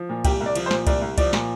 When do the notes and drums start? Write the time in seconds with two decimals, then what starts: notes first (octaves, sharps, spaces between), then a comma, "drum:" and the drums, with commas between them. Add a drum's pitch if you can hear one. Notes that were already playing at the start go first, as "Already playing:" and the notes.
Already playing: F3
0.09 A#2
0.25 C2 G4, drum: kick C2, cymbal
0.40 C2
0.46 D5
0.56 F3, drum: cymbal
0.66 C5
0.71 A#2, drum: snare
0.87 C2 D5, drum: kick C2, cymbal
1.02 C2
1.18 F3 D5, drum: kick C2, cymbal
1.33 A#2, drum: snare